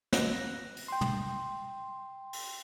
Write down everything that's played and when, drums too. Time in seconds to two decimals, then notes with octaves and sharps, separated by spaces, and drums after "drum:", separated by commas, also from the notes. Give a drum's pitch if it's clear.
0.13 F#6 A#6, drum: snare
0.77 drum: open hi-hat
0.88 G5 C6
1.01 drum: tom
2.33 drum: open hi-hat